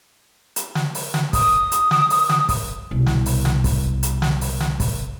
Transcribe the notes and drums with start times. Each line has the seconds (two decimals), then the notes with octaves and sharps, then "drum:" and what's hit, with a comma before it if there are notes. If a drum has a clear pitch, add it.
0.56 drum: hi-hat
0.75 drum: snare
0.95 drum: open hi-hat
1.14 drum: snare
1.33 D#6, drum: kick, open hi-hat
1.72 drum: hi-hat
1.91 drum: snare
2.10 drum: open hi-hat
2.29 drum: snare
2.49 drum: kick, open hi-hat
2.91 C2 B2
3.06 drum: snare
3.26 drum: open hi-hat
3.45 drum: snare
3.64 drum: kick, open hi-hat
4.03 drum: hi-hat
4.22 drum: snare
4.41 drum: open hi-hat
4.60 drum: snare
4.80 drum: kick, open hi-hat